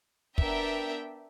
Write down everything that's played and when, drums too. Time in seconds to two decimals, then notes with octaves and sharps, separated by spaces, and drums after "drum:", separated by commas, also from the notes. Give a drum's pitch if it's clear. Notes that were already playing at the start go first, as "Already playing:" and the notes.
0.38 B3 D4 A#4 E5 G5, drum: kick